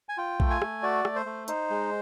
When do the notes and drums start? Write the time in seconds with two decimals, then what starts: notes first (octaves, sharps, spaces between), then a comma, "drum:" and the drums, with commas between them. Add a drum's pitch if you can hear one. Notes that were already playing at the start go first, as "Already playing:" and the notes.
0.09 G#5
0.18 F4 G5
0.40 A3, drum: kick A#1
0.50 G#5
0.62 A3, drum: rim click
0.83 F#4 D5
1.05 A3, drum: rim click
1.16 C5
1.26 A3
1.48 D#4 C5, drum: hi-hat
1.70 G#3